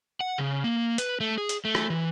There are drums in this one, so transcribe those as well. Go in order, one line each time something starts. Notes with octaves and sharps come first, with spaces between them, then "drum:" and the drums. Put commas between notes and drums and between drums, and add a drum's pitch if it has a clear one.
F#5
C#3
A#3
B4, drum: hi-hat
A3
G#4
drum: hi-hat
A3
drum: rim click
E3